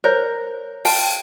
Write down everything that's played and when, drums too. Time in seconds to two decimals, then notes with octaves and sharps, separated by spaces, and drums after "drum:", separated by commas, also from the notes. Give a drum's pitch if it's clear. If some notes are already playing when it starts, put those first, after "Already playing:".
0.04 A#4 C5 C#5
0.85 F5 G5 A5, drum: open hi-hat